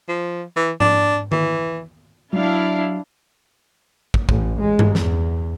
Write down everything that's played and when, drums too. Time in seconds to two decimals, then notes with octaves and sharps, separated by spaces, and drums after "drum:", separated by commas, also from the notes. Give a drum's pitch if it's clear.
0.09 F3
0.56 E3
0.80 D4, drum: tom G#2
1.32 E3, drum: tom D#3
2.33 F#3 D4 E4 F5
4.14 drum: kick
4.29 A1, drum: kick
4.60 G#3
4.79 drum: tom G2
4.95 E2, drum: snare